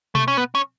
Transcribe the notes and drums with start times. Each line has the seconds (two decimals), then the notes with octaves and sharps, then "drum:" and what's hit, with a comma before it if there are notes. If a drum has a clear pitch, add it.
0.15 A3, drum: tom B2
0.28 C#4
0.37 B3
0.55 C#4